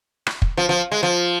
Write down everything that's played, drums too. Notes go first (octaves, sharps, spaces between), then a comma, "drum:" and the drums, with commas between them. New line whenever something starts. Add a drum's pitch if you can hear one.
drum: rim click
drum: kick
F3
F3
G#3
F3